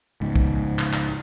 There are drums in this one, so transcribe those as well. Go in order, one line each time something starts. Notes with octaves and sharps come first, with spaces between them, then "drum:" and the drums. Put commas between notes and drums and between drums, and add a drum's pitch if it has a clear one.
C#2 G#2
drum: kick
drum: clap
drum: clap